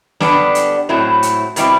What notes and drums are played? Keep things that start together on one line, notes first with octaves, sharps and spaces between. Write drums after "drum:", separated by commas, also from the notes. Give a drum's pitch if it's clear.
D3 G3 B3 D4, drum: snare
drum: hi-hat
A2 F#3 C4 E4
drum: hi-hat
B2 G3 C4 E4 G4, drum: hi-hat